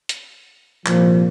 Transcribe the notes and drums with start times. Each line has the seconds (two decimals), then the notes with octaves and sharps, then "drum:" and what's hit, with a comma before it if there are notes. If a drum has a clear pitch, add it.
0.09 drum: hi-hat
0.86 C2 A#2 F3, drum: clap